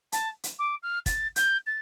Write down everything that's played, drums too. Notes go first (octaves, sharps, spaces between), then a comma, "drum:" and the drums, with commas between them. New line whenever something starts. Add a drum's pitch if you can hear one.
A5, drum: hi-hat
drum: hi-hat
D6
F6
A6, drum: kick, hi-hat
G6, drum: hi-hat
A6